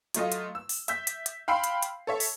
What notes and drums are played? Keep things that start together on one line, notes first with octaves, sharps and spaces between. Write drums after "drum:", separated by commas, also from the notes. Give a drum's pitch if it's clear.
F#3 A3 F4 D#5, drum: hi-hat
drum: hi-hat
E6
drum: open hi-hat
E5 E6 G6 B6, drum: hi-hat
drum: hi-hat
drum: hi-hat
F5 G5 B5 C6 E6 C7
drum: hi-hat
drum: hi-hat
A4 C#5 E5
drum: open hi-hat